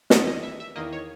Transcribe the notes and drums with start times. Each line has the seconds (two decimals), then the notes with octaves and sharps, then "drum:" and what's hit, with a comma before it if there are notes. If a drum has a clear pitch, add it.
0.10 E2 D#3 G3 B3 D#5, drum: snare
0.27 D#5
0.43 E5
0.60 E5
0.75 E2 D#3 A#3 D#5
0.93 C#5